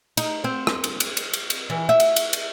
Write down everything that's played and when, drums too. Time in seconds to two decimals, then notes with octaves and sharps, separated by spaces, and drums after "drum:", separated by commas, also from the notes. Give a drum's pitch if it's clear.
0.17 D#4, drum: cymbal
0.44 C4
0.67 drum: rim click
0.84 drum: cymbal
1.00 drum: cymbal
1.17 drum: cymbal
1.33 drum: cymbal
1.50 drum: cymbal
1.70 E3
1.89 E5
2.00 drum: cymbal
2.16 drum: cymbal
2.33 drum: cymbal